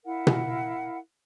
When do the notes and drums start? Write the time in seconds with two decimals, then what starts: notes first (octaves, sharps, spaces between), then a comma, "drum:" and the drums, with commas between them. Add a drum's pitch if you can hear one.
0.05 E4 A#4 F5 F#5
0.27 drum: tom B2